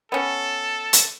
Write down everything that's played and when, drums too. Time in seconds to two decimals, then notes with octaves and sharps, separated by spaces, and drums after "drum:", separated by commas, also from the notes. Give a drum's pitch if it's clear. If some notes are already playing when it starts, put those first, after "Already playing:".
0.12 B3 C#4 A4
0.93 drum: hi-hat